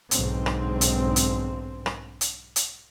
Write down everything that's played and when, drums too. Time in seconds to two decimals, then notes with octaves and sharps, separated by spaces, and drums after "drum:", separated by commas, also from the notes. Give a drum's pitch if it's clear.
0.11 B1 G#2 D3 C4, drum: hi-hat
0.46 drum: rim click
0.81 drum: hi-hat
1.16 drum: hi-hat
1.86 drum: rim click
2.21 drum: hi-hat
2.56 drum: hi-hat